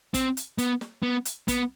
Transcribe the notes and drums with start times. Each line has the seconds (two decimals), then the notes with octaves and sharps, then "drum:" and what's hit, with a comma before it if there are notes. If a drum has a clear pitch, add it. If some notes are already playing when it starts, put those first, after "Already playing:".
0.14 C4, drum: kick, hi-hat
0.37 drum: hi-hat
0.58 B3, drum: hi-hat
0.81 drum: snare
1.03 B3
1.25 drum: hi-hat
1.48 B3, drum: kick, hi-hat